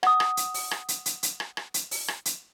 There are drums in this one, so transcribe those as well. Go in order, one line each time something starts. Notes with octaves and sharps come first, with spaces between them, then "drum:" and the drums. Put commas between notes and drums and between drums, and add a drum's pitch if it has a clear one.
F#5 D#6, drum: rim click
drum: rim click
drum: hi-hat
drum: open hi-hat
drum: rim click
drum: hi-hat
drum: hi-hat
drum: hi-hat
drum: rim click
drum: rim click
drum: hi-hat
drum: open hi-hat
drum: rim click
drum: hi-hat